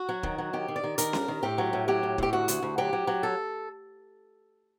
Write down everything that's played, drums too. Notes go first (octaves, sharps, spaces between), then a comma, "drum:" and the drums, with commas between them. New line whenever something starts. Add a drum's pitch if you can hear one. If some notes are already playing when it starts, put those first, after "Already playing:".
Already playing: F#4
F#3
D#3, drum: kick
F#3
D#3 G4
D#3
D5
D#3
D#3 A#4, drum: hi-hat
G2, drum: snare C#4
D#3
A2 G4
F#3
A2
F#3 G4
A2
A2 G4, drum: kick
D2 F#4
D2, drum: hi-hat
D2
F#3 G4
F#3
F#3
A4